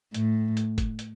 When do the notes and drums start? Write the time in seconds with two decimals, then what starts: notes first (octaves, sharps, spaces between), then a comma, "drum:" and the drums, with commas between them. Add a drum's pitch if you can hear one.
0.14 A2, drum: hi-hat
0.57 drum: hi-hat
0.78 drum: kick, hi-hat
0.99 drum: hi-hat